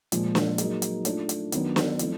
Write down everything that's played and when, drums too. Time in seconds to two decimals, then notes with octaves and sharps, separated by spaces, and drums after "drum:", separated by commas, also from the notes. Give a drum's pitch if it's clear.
0.12 A#2 F3 G#3, drum: hi-hat
0.35 drum: snare
0.58 F#3 A#3 D#4 G#4, drum: hi-hat
0.82 drum: hi-hat
1.05 A3 D4 F4, drum: hi-hat
1.29 drum: hi-hat
1.52 D#3 F#3 B3 D4, drum: hi-hat
1.76 drum: snare
1.99 F3 A3 C4 E4, drum: hi-hat